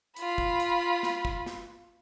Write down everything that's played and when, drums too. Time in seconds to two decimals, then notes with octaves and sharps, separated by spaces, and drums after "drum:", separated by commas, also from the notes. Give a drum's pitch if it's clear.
0.16 F4 B5, drum: hi-hat
0.38 drum: kick
0.60 drum: hi-hat
1.03 drum: snare
1.25 drum: kick
1.46 drum: snare